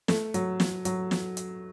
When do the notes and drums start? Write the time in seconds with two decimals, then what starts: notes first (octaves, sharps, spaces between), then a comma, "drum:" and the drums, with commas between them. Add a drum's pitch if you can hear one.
0.08 A3, drum: snare
0.34 F#3, drum: hi-hat
0.60 drum: snare
0.85 F#3, drum: hi-hat
1.11 drum: snare
1.37 drum: hi-hat